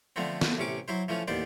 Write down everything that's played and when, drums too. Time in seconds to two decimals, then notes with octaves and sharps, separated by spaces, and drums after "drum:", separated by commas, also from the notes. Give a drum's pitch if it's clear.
0.16 D3 F3 A3 B3 C4
0.41 drum: snare
0.59 A1 C3 C#4 D6
0.88 F#3 E4 C5
1.08 E3 F3 A3 C#4
1.28 A1 D#2 B3 C5 D5